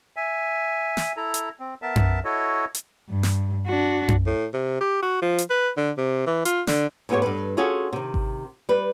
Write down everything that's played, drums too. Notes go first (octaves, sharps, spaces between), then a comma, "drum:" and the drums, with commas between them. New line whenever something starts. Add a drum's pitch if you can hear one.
E5 G#5
drum: snare
E4 A4 A#5
drum: hi-hat
C4
B3 A#4 E5 A5
drum: tom F#2
E4 F#4 A4 C#5 D#5
drum: hi-hat
G2
drum: snare
D4 F#4
drum: tom F#2
A2
C3
G4
F#4
F3
drum: hi-hat
B4
D3
C3
E3
F4, drum: hi-hat
D3, drum: snare
G#2 A3 B3 E4 G4 C#5
G2 A4 B4
C#4 F4 F#4 G#4 A4
C3 D#3
drum: kick G#1
G3 B4